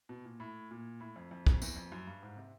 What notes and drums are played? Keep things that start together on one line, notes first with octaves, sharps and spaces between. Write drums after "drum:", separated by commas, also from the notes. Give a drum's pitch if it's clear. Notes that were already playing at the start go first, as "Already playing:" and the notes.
B2
A#2
A2
A#2
A2
F2
F2
F2, drum: kick
E2, drum: tambourine
F2
F#2
G2
G#2
C3